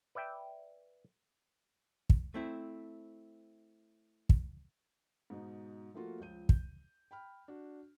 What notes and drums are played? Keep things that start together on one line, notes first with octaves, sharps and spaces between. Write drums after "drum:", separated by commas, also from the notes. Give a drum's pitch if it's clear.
B4 D5 E5 G5
drum: kick
A3 C4 E4
drum: kick
G#2 B2 D#4
F3 A3 A#3 F4 F#4
C#2 F3 G6 D#7
G6, drum: kick
G5 B5 F6
D4 F#4